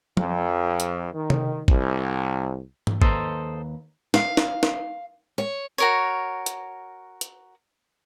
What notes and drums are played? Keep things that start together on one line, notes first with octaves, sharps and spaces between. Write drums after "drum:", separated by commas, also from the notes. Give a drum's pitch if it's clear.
F2, drum: tom F3
drum: hi-hat
D#3
drum: tom C3
C2, drum: kick G#1
drum: tom G#2
D#2 A4 B4 C5 D#5 A#5, drum: kick G#1
F5, drum: snare
drum: snare
drum: snare
C#5
F#4 A#4 C#5, drum: tambourine
drum: hi-hat
drum: hi-hat